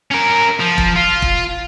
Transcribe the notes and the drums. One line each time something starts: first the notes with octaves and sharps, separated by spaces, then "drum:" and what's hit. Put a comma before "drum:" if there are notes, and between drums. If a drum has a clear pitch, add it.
C#4 A#4
F3
drum: kick
F4
drum: kick